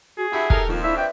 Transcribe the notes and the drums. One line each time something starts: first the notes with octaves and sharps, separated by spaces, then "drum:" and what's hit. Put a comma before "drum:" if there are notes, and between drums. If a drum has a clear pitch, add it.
F#4 G#4
G2 E4 F#4 G4 E5
D#4 G4 A4 A#4 G5, drum: kick
F2 D#3 A#3 F4
D4 E4 E5
B4 D5 E5 G5